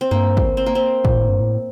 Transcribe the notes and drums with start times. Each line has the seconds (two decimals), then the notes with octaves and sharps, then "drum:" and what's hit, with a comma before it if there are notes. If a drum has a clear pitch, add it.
0.01 C4
0.11 G2 A#3
0.37 drum: kick
0.57 C4
0.66 A#3
0.75 C4
1.05 A#2, drum: kick
1.16 A2
1.28 G2
1.40 A2